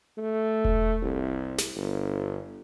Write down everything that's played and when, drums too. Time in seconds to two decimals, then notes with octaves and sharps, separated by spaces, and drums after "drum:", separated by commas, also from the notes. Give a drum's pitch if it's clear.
0.18 A3
0.65 drum: kick E1
1.02 C2
1.58 drum: snare
1.76 G1